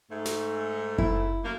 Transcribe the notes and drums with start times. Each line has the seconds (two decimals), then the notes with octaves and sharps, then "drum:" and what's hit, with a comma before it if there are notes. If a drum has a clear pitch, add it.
0.11 G#2 A3
0.25 drum: snare
0.98 E4, drum: kick F#1
1.44 F#2 A3 A#3